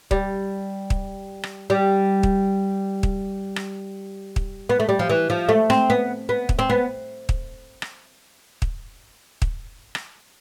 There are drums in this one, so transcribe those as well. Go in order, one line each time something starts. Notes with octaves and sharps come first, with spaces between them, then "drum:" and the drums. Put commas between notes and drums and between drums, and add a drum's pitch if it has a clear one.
G3, drum: kick
drum: kick
drum: rim click
G3
drum: kick
drum: kick
drum: rim click
drum: kick
B3
A3
G3
F3
E3
F3
A3
C4, drum: rim click
B3
B3
drum: kick
C4
B3
drum: kick
drum: rim click
drum: kick
drum: kick
drum: rim click